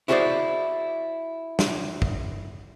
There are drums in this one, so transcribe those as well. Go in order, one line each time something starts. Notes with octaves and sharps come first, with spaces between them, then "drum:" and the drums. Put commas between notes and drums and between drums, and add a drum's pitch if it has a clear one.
E4 F#4 G#4 A#4 C5 D5
drum: snare
drum: kick